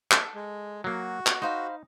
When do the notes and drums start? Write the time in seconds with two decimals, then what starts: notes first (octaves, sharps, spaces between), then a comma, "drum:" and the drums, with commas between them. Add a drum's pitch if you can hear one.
0.11 A4, drum: clap
0.34 G#3
0.84 F#3 A#3 F#4
1.27 drum: clap
1.42 D#4 C5 F5 B5